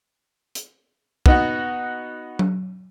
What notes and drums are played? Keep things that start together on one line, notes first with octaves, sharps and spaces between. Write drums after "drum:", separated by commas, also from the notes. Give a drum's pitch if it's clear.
drum: hi-hat
B3 D#4 F#4, drum: kick
drum: tom F#3